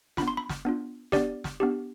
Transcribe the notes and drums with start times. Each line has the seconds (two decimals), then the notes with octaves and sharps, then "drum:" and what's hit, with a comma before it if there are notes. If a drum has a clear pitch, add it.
0.17 B3 D4 F4 B5, drum: snare
0.28 C6
0.37 B5
0.49 drum: snare
0.65 B3 D4 F4
1.12 B3 D4 G4 D5, drum: snare
1.44 drum: snare
1.60 B3 D4 G4